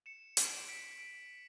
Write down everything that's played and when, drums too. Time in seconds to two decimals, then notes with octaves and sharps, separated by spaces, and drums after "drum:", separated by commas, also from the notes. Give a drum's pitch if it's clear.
0.06 C#7 E7
0.37 D7 F#7, drum: hi-hat
0.69 B6 D7
0.99 B6 D7